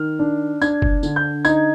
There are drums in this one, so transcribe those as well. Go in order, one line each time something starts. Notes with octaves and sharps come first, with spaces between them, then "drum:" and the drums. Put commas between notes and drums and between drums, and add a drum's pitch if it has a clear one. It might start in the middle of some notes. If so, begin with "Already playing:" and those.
Already playing: D#3 F6
D4
D4 G#6, drum: tambourine
drum: kick F#1
D3, drum: tambourine
G6
D#4 G#6, drum: tambourine